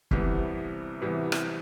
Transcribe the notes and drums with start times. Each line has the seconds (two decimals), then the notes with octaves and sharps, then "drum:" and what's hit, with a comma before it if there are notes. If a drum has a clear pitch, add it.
0.11 C2 C3 E3 G3 B3, drum: kick
1.01 C2 C3 E3 G3 B3
1.32 drum: rim click